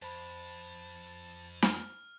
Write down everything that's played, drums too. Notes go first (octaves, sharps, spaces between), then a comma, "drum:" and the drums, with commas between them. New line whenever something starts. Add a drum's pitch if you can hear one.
F2 C5 A5 B5
F6, drum: snare